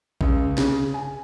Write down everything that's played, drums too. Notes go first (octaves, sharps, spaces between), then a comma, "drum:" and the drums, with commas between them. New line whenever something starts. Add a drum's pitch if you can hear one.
C#2, drum: kick A#1
C#3, drum: snare
G#5